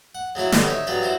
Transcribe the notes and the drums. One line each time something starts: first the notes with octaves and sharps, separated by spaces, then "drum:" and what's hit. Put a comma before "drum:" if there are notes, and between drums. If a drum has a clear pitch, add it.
F#5
C#3 F#3 E4 C#5
G2 D3 C4 C#4 D#4, drum: snare
D#4 C#5 E5
G2 C#3 F#3 F4 B4
E4 F#4 C5